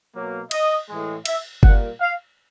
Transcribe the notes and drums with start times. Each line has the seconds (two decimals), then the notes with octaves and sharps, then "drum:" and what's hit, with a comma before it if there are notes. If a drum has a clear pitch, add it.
0.14 B2 F#3 A#3
0.51 D#5, drum: cymbal
0.89 A2 E3 G#3
1.25 E5, drum: cymbal
1.63 A#2 G3 A#3 F#5, drum: kick G1
2.00 F5